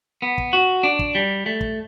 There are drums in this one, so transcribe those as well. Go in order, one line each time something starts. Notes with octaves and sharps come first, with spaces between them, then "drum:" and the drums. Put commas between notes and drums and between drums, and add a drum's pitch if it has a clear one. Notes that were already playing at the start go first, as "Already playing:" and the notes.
B3
drum: kick
F#4
D4
drum: kick
G3
A3
drum: kick